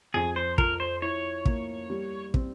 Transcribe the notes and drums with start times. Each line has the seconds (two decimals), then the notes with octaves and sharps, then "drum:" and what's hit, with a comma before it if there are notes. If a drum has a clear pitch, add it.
0.14 F2 G#4
0.36 C5
0.58 F3 A#4, drum: kick
0.80 C5
1.02 E4 C#5
1.45 A#3, drum: kick
1.90 G3
2.34 C4, drum: kick